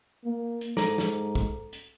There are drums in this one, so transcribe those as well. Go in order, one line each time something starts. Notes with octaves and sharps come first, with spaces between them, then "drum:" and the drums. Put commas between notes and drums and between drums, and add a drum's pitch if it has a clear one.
A#3
drum: hi-hat
G#2 A4 A#5, drum: snare
drum: snare
drum: kick
drum: hi-hat